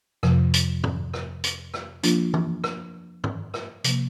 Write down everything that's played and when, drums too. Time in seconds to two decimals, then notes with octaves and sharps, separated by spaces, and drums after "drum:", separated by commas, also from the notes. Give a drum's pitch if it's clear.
0.23 F2 C3 F3, drum: rim click
0.54 drum: hi-hat
0.84 drum: tom
1.14 drum: rim click
1.44 drum: hi-hat
1.74 drum: rim click
2.03 F3 A#3 D4 F4, drum: hi-hat
2.34 drum: tom
2.64 drum: rim click
3.24 drum: tom
3.54 drum: rim click
3.84 C3 F3 A#3, drum: hi-hat